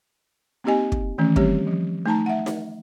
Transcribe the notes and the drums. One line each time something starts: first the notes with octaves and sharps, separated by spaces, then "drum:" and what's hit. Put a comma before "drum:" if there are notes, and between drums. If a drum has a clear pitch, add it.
A#3 C4 D#4 G4 D#5 G#5
drum: kick
D#3 E3 A3 C#4
G3 C4 G4 C#5, drum: kick
F3
A3 D#4 A5 A#5
E5 F#5
drum: snare D#4